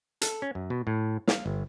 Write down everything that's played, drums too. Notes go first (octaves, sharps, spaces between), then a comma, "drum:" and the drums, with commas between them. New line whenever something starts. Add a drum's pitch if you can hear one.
A4, drum: hi-hat
C#4
F#2
B2
A2
F5, drum: snare
G1